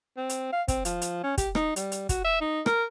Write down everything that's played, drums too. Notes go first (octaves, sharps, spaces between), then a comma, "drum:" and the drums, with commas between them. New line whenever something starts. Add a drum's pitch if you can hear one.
C4
drum: hi-hat
F5
C4, drum: kick, hi-hat
F3, drum: hi-hat
drum: hi-hat
C#4
G4, drum: kick, hi-hat
D#4, drum: rim click
G3, drum: hi-hat
drum: hi-hat
F#4, drum: kick, hi-hat
E5
D#4
A#4, drum: rim click